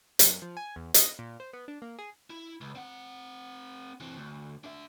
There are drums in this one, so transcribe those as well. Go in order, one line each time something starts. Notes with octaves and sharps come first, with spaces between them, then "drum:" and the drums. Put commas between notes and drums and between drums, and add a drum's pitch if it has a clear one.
F#2, drum: hi-hat
F3
G#5
E2
D#5, drum: hi-hat
A#2
C5
B3
D4
A#3
G#4
E4
C#2
C4 F#5
E3 C4
D2
D4 E5